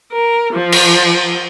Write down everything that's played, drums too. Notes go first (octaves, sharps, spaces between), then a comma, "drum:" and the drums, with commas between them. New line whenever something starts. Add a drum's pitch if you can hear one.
A#4
F3
drum: cymbal